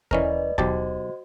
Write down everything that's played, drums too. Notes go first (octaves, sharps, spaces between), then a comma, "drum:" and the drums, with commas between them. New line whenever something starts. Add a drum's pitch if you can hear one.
E3 C#4 A#4 B4 D5 D#5, drum: kick D#2
B1 F#4 G4 C5 D#5 A5, drum: kick D#2